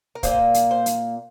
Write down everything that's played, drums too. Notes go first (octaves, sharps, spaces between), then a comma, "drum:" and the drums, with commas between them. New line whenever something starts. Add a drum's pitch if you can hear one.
A#4
A#2 G3 A#3 C5, drum: kick, hi-hat
drum: hi-hat
C5
drum: hi-hat